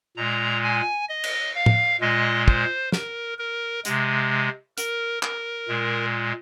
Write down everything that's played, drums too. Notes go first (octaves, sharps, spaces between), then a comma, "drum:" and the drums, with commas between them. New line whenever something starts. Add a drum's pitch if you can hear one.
A#2 G#3 A#5
G#5
D#5
drum: cymbal
F5
drum: tom A2
A#2 G#3 D#5
C5, drum: kick
A#4, drum: snare
A#4
C3 G#3, drum: hi-hat
A#4, drum: hi-hat
A#4, drum: clap
A#2 G#3